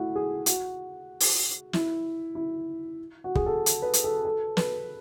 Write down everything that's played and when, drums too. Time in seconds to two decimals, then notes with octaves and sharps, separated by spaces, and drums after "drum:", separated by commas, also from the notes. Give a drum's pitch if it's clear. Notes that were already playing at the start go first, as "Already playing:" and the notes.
Already playing: A3 E4 F#4
0.15 G#4
0.46 F#4, drum: hi-hat
1.20 drum: open hi-hat
1.73 E4, drum: snare
2.35 E4
3.24 F#4
3.35 G#4, drum: kick
3.46 A4
3.66 drum: hi-hat
3.82 B4
3.93 drum: hi-hat
4.04 A4
4.25 A4
4.57 B4, drum: snare